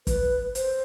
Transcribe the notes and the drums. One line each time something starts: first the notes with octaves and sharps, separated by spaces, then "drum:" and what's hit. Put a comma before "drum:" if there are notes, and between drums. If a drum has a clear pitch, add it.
B4, drum: kick, hi-hat
C5, drum: hi-hat